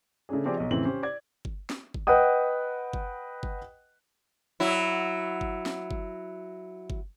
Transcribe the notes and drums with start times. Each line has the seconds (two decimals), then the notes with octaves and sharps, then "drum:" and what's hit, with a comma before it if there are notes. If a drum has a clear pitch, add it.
0.29 C#3 A3 C#4 D4 G#4
0.45 F3 C4 G4 G#4 D5
0.57 B1 D#5
0.71 F2 A2 C#3 E3 C4 F#7
0.85 C#4 G4 C5
1.03 D5 D6 G#6
1.45 drum: kick G1
1.70 drum: snare
1.94 drum: kick G1
2.07 B4 D#5 F#5 G5 D#6
2.93 drum: kick G1
3.43 drum: kick G1
4.60 F#3 E4
5.41 drum: kick G1
5.66 drum: snare
5.91 drum: kick G1
6.90 drum: kick G1